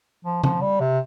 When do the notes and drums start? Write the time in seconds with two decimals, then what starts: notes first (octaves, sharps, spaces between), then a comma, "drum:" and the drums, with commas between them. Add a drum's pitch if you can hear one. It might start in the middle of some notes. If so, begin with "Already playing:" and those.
0.25 F3
0.44 F3, drum: tom C#3
0.61 G3
0.80 C3